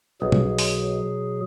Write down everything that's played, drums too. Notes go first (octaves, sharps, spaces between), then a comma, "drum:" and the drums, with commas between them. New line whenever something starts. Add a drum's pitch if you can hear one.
B1 B2 F#3 G#4
drum: tom B2
drum: open hi-hat